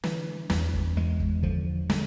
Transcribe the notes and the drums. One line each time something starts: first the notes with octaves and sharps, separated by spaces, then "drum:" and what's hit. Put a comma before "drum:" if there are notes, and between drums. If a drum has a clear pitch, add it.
D3 E3, drum: snare
E2 E3, drum: snare
drum: kick
E2 G#3
drum: kick
D3 F3, drum: kick
D3 G#3, drum: snare